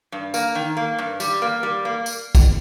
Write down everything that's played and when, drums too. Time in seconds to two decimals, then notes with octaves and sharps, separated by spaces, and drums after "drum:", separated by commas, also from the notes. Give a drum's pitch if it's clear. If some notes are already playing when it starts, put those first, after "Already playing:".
0.12 G2
0.34 A#3, drum: tambourine
0.55 D#3
0.77 A#3
0.98 G2
1.20 G3, drum: tambourine
1.42 A#3
1.63 G3
1.85 A#3
2.06 drum: tambourine
2.35 drum: kick, tambourine